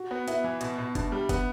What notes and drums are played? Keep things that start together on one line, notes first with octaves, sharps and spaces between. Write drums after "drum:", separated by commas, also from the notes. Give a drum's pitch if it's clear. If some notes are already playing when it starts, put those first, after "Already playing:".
Already playing: F#4
B3
B3 E4, drum: hi-hat
E3
B2, drum: hi-hat
B2
B2 D4, drum: kick F#1, hi-hat
G3
B3, drum: kick F#1, hi-hat